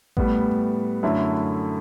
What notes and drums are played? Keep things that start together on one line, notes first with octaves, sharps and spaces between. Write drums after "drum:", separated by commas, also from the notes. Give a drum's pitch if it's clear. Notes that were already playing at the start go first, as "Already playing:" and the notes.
A2 G3 B3, drum: kick A1
F#2 D3 A3 E4